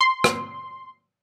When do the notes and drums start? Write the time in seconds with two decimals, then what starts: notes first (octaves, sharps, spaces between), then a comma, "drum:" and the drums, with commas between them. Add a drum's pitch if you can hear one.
0.01 C6
0.24 drum: rim click